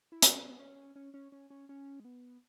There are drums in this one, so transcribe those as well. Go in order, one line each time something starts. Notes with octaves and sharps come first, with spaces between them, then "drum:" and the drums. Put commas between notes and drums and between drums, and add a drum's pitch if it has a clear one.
E4
C#4, drum: hi-hat
B3
C#4
C#4
C#4
C#4
C#4
C#4
G#3
B3